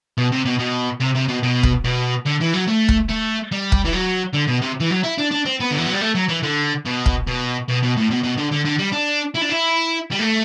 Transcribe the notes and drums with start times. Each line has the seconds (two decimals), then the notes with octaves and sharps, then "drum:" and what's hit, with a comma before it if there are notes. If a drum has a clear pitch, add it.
0.18 B2
0.32 C3
0.45 B2
0.59 B2
1.00 C3
1.15 C3
1.28 B2
1.43 B2
1.63 drum: kick
1.84 B2
2.26 D3
2.40 E3
2.53 F#3
2.67 A3
2.88 drum: kick
3.09 A3
3.52 G3
3.72 drum: kick
3.85 E3
3.93 F#3
4.34 D3
4.48 B2
4.62 C3
4.80 E3
4.90 F#3
5.03 E4
5.18 D4
5.31 D4
5.45 C4
5.60 B3
5.71 D3
5.78 E3
5.86 F#3
5.93 G3
6.01 A3
6.15 F#3
6.29 E3
6.43 D3
6.85 B2
7.06 drum: kick
7.27 B2
7.68 B2
7.83 B2
7.97 A2
8.10 B2
8.23 B2
8.38 D3
8.52 D3
8.65 D3
8.79 G3
8.93 D4
9.35 E4
9.42 D4
9.50 E4
10.12 G3
10.19 A3